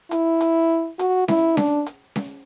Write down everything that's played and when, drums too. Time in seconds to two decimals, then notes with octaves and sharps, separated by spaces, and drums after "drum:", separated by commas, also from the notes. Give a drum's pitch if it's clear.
0.11 E4, drum: hi-hat
0.41 drum: hi-hat
0.99 F#4, drum: hi-hat
1.28 E4, drum: snare C#4
1.57 D4, drum: snare C#4
1.86 drum: hi-hat
2.16 drum: snare C#4